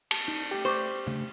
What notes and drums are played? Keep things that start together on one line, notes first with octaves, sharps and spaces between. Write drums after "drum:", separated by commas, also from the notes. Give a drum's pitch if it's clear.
A5, drum: cymbal
D#4
A3 G4 D5 G5
C5 C#6 D6
C#3 A3 D4